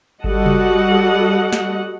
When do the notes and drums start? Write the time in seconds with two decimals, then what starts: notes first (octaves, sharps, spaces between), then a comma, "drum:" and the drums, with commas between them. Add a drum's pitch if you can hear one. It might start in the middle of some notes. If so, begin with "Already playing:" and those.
0.24 G3 F#4 A4 D#5 F#5, drum: kick G1
0.46 drum: tom C3
1.53 drum: snare